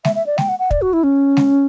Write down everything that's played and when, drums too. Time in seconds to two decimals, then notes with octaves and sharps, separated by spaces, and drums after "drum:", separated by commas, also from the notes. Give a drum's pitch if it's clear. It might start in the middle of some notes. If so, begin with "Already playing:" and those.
0.05 E5, drum: snare G#3
0.15 E5
0.26 D5
0.38 G5, drum: snare G#3
0.49 F#5
0.59 F#5
0.71 D5, drum: kick
0.82 F#4
0.93 E4
1.04 C#4
1.37 drum: snare G#3